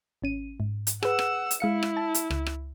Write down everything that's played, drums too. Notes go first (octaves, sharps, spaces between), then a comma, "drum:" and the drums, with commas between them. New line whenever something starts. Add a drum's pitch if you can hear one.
G#1 C#4 D#7
G#2
drum: hi-hat
G#4 B4 F#5 E6, drum: rim click
drum: rim click
drum: hi-hat
G#3 E4 F5 C#7
drum: rim click
A5
drum: hi-hat
C#2, drum: rim click
drum: rim click